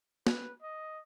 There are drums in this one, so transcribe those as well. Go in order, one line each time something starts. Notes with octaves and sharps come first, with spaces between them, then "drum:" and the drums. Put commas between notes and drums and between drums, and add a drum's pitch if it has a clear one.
B4, drum: snare
D#5